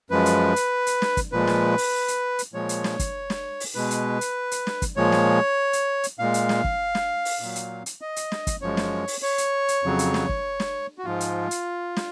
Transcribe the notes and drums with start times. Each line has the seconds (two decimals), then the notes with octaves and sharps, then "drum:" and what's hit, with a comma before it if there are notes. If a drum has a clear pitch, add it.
0.10 F#2 F3 G#3 B4
0.26 drum: hi-hat
0.56 drum: hi-hat
0.87 drum: hi-hat
1.02 drum: snare
1.17 drum: kick, hi-hat
1.32 A#2 F3 G#3 B4
1.47 drum: snare
1.78 drum: open hi-hat
2.08 drum: hi-hat
2.39 drum: hi-hat
2.54 A#2 F3 G#3 C#5
2.69 drum: hi-hat
2.84 drum: snare
2.99 drum: kick, hi-hat
3.30 drum: snare
3.60 drum: open hi-hat
3.75 B2 G#3 B4
3.91 drum: hi-hat
4.21 drum: hi-hat
4.51 drum: hi-hat
4.67 drum: snare
4.82 drum: kick, hi-hat
4.96 A#2 F3 G#3 C#5
5.12 drum: snare
5.73 drum: hi-hat
6.04 drum: hi-hat
6.19 A#2 G#3 F5
6.34 drum: hi-hat
6.49 drum: snare
6.64 drum: kick
6.95 drum: snare
7.25 drum: open hi-hat
7.40 A#2 F#3
7.56 drum: hi-hat
7.86 drum: hi-hat
8.01 D#5
8.16 drum: hi-hat
8.32 drum: snare
8.47 drum: kick, hi-hat
8.62 F#2 F3 G#3 C#5
8.77 drum: snare
9.08 drum: open hi-hat
9.22 C#5
9.38 drum: hi-hat
9.68 drum: hi-hat
9.83 F2 C#3 F#3
9.99 drum: hi-hat
10.14 drum: snare
10.29 drum: kick
10.60 drum: snare
10.98 F#4
11.05 G#2 F3 G#3 F4
11.20 drum: hi-hat
11.51 drum: hi-hat
11.97 drum: snare